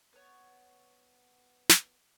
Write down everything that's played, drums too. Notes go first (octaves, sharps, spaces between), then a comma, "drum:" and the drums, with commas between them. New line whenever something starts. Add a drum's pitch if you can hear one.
B3 C#5
drum: snare